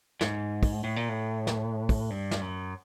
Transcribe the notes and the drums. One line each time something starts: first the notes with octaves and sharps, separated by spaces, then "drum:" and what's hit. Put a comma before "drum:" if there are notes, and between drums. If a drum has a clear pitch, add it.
G#2, drum: snare
drum: kick, open hi-hat
A2
A#2
A2
drum: snare
drum: kick, open hi-hat
G2
drum: snare
F#2